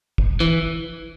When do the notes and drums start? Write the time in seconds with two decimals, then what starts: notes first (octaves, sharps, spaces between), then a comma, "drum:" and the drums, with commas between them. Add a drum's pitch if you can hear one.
0.18 drum: kick
0.40 E3